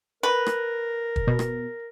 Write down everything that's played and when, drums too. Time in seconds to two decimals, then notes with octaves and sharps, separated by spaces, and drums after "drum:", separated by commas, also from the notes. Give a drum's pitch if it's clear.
0.23 A#4 B4
0.47 drum: rim click
1.16 drum: kick
1.27 B2
1.39 drum: rim click